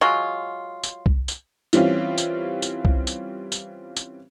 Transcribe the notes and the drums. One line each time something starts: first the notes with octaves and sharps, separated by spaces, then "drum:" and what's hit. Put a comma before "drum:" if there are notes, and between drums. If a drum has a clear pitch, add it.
F#3 G#3 F4
drum: tambourine
drum: kick C2
drum: tambourine
E3 G3 C4 C#4 F4, drum: tambourine
drum: tambourine
drum: tambourine
drum: kick C2
drum: tambourine
drum: tambourine
drum: tambourine